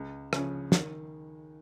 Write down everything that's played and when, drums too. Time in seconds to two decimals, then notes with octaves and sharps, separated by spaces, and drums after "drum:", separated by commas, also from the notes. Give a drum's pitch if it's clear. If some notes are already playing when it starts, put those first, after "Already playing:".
Already playing: C#2
0.33 C#3 F3 C#4, drum: rim click
0.72 D#3, drum: snare